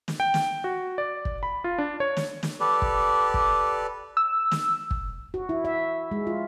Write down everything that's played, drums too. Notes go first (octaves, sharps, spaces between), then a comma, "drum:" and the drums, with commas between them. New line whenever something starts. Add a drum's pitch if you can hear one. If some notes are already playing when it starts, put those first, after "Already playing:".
drum: snare
G5
drum: snare
F#4
D5
drum: kick
B5
F4
D4
C#5
drum: snare
drum: snare
G4 A4 B4 D5
drum: kick
drum: kick
E6
drum: snare
drum: kick
F#4
E4
E5
G#3
F4